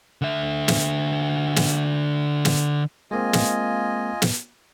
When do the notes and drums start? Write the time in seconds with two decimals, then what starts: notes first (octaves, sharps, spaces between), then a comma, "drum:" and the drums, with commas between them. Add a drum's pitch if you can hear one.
0.22 D3 E5
0.68 drum: snare
1.56 drum: snare
2.45 drum: snare
3.11 G#3 A#3 C4 F4 D#5 G#5
3.33 drum: snare
4.22 drum: snare